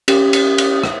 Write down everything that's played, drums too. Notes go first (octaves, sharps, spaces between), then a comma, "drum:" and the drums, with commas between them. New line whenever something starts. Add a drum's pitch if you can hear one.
C#4 G4, drum: cymbal
drum: cymbal
drum: cymbal
drum: rim click